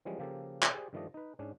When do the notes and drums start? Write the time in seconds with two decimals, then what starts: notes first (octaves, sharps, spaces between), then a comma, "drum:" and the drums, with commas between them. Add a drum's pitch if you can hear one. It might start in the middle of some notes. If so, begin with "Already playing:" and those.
0.05 E3 F3 G3 G#3 C#4
0.19 C#3 F3 A#3 G4 A4 A#4
0.63 drum: clap
0.74 G4 G#4 C5 D5
0.93 G2 D#3 F3 A3 D5 D#5
1.14 D#4 B4
1.39 G#2 C#4 D4